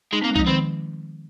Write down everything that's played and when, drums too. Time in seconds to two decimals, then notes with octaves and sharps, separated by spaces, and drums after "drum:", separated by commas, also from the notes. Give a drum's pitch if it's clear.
0.13 G#3 D#4
0.21 A#3 C4
0.31 G#3
0.36 D#4, drum: kick B1
0.39 F3
0.47 D#3 C4